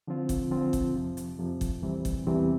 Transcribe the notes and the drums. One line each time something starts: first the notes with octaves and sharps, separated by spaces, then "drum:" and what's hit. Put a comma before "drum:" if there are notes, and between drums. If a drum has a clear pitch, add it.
D3 F3 C4 F4
drum: kick G1, hi-hat
D3 F3 C4 F4
drum: kick G1, hi-hat
F2 C3 F3
drum: hi-hat
F2 C3 F3
drum: kick G1, hi-hat
E2 C3 E3 G3 C4
drum: kick G1, hi-hat
E2 C3 E3 G3 C4